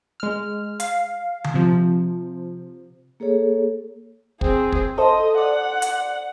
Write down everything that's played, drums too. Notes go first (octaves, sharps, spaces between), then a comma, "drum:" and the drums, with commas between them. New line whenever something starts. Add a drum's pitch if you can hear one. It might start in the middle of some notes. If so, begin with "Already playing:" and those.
G#3 F6
F5, drum: hi-hat
drum: tom D3
C3 F3
A#3 G#4 A4 C#5
C4 G#4, drum: kick
drum: kick
A4 C5 D#5
D5 F#5
drum: hi-hat